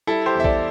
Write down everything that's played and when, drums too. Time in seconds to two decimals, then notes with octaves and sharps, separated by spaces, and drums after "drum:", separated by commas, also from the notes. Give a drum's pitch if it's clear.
0.07 G3 E4 A4
0.26 G4 C5
0.35 E2 E5
0.44 A4 D5, drum: kick